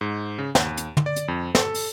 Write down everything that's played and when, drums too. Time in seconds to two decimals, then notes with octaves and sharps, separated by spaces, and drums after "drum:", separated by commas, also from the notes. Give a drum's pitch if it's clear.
0.01 G#2
0.38 C#3
0.55 D#2, drum: snare
0.77 drum: hi-hat
0.97 drum: tom
1.06 D5
1.16 drum: hi-hat
1.28 F2
1.55 A4, drum: snare
1.74 drum: open hi-hat